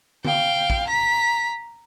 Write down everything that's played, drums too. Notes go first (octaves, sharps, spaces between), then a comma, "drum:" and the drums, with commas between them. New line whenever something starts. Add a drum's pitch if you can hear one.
F5 G5, drum: tom D3
drum: kick A#1
A#5 B6